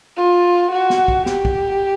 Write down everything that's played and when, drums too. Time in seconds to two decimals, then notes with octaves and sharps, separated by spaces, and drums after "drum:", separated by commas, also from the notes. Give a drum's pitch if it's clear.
0.17 F4
0.71 F#4
0.90 drum: snare
1.08 drum: kick
1.26 G4, drum: snare
1.45 drum: kick